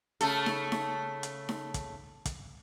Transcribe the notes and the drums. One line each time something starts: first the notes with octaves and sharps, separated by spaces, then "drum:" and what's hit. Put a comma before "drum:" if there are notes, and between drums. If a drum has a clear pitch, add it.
C#3 A3 A4, drum: hi-hat
drum: snare D#4
drum: snare D#4
drum: hi-hat
drum: snare D#4
drum: kick, hi-hat
drum: kick, hi-hat